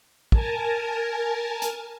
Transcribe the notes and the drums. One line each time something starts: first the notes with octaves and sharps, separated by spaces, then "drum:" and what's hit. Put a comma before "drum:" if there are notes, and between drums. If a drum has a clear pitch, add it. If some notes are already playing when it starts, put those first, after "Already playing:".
A#4 G#5 A5, drum: kick
drum: hi-hat